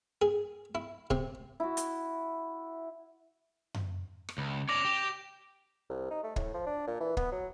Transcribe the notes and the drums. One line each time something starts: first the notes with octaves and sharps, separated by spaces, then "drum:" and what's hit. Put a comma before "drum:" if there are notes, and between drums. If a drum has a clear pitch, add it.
G#4
E4
C3, drum: kick
E4 F#4
drum: hi-hat
drum: tom F#2
drum: rim click
C#2
C#4 D5 D6 A#6 F7
G4
C2
D#4
A3
A2, drum: kick
F3
D4
A#2
E3
B3, drum: kick
F#3